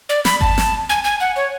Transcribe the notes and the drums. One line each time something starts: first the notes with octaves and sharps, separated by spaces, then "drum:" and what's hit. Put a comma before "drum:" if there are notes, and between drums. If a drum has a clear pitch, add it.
D5
B5, drum: snare
A5, drum: kick G1
drum: snare
G#5
G#5
F#5
C#5